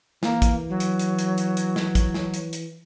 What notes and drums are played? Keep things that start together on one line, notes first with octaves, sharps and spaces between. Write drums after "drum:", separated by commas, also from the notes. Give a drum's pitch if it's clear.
E3 A#3, drum: snare
drum: kick, hi-hat
F#3
drum: hi-hat
drum: hi-hat
drum: hi-hat
drum: hi-hat
drum: hi-hat
drum: snare
drum: kick, hi-hat
drum: snare
drum: hi-hat
drum: hi-hat